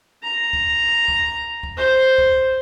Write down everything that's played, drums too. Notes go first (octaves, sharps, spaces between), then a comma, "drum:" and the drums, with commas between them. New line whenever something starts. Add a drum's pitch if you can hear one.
A#5
drum: kick
drum: kick
drum: kick
C5
drum: kick